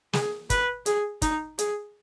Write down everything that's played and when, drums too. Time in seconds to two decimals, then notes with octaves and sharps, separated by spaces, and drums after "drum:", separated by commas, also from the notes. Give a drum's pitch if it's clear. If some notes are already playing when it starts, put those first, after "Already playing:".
0.13 G#4, drum: snare
0.50 B4, drum: kick, hi-hat
0.86 G#4, drum: hi-hat
1.22 D#4, drum: kick, hi-hat
1.59 G#4, drum: hi-hat